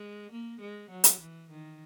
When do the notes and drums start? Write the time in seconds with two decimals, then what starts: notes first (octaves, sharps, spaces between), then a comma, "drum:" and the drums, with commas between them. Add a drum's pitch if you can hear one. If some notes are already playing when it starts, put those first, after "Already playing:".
Already playing: G#3
0.31 A#3
0.61 G#3
0.91 F#3
1.04 drum: hi-hat
1.20 E3
1.50 D#3